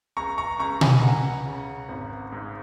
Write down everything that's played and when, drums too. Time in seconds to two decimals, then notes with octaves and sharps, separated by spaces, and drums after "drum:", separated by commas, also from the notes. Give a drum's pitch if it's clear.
0.17 C#2 A#5 C#6
0.38 A#5 C#6
0.60 C#2 A#5 C#6
0.81 G#5 B5, drum: tom B2
1.03 C#2 F#5 A#5
1.46 C#3
1.89 G#1
2.32 G#2